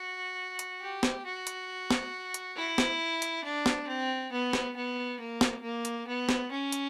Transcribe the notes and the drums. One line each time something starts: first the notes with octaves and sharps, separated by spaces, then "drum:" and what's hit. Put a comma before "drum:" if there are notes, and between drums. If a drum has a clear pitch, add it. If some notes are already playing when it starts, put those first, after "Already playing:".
Already playing: F#4
drum: hi-hat
G4
drum: snare
F#4
drum: hi-hat
drum: snare
drum: hi-hat
E4
drum: snare
drum: hi-hat
D4
drum: snare
C4
B3
drum: snare
B3
A#3
drum: snare
A#3
drum: hi-hat
B3
drum: snare
C#4
drum: hi-hat